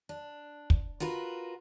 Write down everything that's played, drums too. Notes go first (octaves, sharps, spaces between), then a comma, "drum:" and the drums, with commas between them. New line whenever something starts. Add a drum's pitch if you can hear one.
D4
drum: kick
F4 F#4 A#4 B4